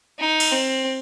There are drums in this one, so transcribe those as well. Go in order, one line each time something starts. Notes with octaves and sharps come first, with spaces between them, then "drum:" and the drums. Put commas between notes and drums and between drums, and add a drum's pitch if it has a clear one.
D#4
drum: cymbal
C4